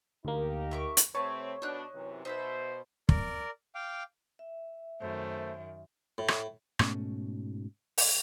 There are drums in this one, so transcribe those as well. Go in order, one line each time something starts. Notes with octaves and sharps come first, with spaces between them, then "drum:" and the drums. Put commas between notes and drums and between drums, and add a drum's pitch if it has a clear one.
D2 A#3 D#4 G4 A#4
E5 C#6 D6
drum: hi-hat
C3 A3 C4 B4 C#5 A5 C#6
B2 D4 D#4 F#6
F#2 C3 E3
B2 D#4 C5 E5 F#5
A#4 D5, drum: kick
F5 G5 D6
E5
F#2 D#3 A3 C5
A2
drum: rim click
G#2 B2 A3 C#4, drum: rim click
drum: open hi-hat